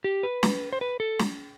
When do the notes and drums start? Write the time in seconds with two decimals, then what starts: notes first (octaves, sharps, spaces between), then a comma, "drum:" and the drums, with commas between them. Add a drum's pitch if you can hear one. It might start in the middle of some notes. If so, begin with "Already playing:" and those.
0.04 G4
0.23 B4
0.43 drum: snare
0.73 C5
0.81 B4
1.00 A4
1.19 drum: snare